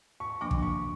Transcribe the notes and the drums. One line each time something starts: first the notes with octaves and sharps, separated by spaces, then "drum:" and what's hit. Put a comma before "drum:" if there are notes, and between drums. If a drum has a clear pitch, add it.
G#2 C#6
F3 A#3 D4 D6
drum: kick
G#2 C#6